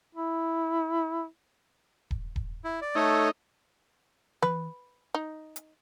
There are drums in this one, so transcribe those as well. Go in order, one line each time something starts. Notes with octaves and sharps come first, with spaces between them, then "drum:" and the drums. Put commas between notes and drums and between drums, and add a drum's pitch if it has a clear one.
E4
drum: kick D#1
drum: kick D#1
E4
D5
A3 D#4 A4 C#5
B4, drum: tom E3
D#4
drum: hi-hat